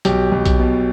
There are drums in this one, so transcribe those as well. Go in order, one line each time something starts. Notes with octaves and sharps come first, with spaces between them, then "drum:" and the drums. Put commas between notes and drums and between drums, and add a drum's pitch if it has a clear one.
B1 G4, drum: hi-hat
B1
drum: kick B1, hi-hat
B2